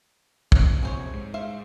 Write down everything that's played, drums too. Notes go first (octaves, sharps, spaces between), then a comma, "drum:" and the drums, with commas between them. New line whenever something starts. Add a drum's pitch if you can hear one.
A#1 C3, drum: kick
G#4 C5 C#5
G#2
C5 E5 F5